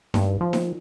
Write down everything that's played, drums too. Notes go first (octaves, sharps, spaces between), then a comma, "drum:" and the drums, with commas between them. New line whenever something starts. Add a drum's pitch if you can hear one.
G2, drum: snare D#4
F3
drum: snare D#4